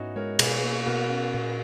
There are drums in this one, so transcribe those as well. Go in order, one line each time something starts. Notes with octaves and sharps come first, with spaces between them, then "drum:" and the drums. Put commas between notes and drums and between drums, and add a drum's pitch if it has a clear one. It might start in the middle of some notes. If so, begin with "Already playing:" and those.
Already playing: G#2 B3 C#4 D#4 E4 F#4
G#3 A#4 C#5
B2 G#4 B4, drum: cymbal
A#3
B2 F#4 A#4
C#4
A#2